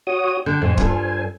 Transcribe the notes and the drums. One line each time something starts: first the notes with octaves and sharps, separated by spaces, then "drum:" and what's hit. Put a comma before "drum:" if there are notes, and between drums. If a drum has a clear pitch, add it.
F#4 C#5 D#6
D3 G5
F2 A2 C5 G#5
G2 F4 A4, drum: kick